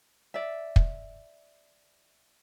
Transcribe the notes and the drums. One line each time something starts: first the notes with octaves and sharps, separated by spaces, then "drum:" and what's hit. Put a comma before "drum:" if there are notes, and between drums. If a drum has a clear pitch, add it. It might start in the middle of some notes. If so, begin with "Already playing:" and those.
D5 E5
drum: kick